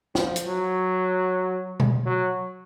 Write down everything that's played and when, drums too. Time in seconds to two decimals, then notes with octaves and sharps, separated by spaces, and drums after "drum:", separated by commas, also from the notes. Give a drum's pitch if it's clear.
0.15 F3, drum: snare
0.36 drum: hi-hat
0.46 F#3
1.80 drum: tom B2
2.06 F#3